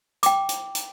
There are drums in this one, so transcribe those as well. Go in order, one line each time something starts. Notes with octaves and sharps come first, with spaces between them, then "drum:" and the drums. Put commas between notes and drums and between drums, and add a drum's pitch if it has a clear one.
G5 D6, drum: hi-hat
drum: hi-hat
drum: hi-hat